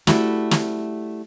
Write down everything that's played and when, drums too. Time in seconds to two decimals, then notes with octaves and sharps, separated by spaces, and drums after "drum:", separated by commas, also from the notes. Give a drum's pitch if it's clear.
0.07 G3 A3 E4 F#4, drum: snare
0.51 drum: snare